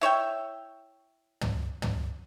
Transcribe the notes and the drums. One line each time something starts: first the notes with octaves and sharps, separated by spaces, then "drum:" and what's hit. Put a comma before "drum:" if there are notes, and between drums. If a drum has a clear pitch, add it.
E4 C#5 E5 G5
drum: tom
drum: tom